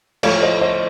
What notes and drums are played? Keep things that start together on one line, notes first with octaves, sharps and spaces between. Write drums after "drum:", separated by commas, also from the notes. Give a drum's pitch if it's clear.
A2 F3 A3 C#5 F5, drum: cymbal
C5 D#5
C5 D#5